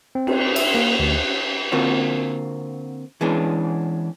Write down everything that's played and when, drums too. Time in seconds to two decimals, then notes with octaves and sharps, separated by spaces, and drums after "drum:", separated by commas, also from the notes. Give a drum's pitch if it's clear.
0.15 C4
0.27 drum: cymbal
0.56 E5, drum: cymbal
0.75 A#3
0.99 D2
1.72 D3 A#3 C4 F4 F#4
3.21 E3 G#3 B3 C#4 D4 G#4